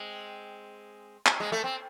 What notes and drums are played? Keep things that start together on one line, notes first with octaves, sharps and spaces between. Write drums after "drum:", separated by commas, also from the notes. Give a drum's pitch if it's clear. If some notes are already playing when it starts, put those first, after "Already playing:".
Already playing: G#3 C4
drum: clap
G#3
A3
C4